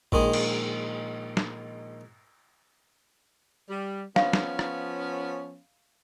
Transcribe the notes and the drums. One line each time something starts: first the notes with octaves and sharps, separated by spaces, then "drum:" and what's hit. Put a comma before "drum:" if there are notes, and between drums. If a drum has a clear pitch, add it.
A#1 D#3 G#3 G#4, drum: kick
drum: cymbal
drum: snare
G3
F3 B3 C#4 F5, drum: snare
drum: snare
drum: rim click